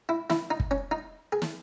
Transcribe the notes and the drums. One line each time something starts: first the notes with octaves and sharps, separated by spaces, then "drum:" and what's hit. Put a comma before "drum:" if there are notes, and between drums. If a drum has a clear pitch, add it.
E4
E4, drum: snare
D#4
drum: kick
C#4
D#4
G#4
drum: snare